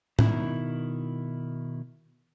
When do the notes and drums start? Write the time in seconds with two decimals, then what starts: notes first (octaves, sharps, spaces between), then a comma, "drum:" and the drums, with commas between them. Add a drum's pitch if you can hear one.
0.19 B2 D#3 E4, drum: tom A2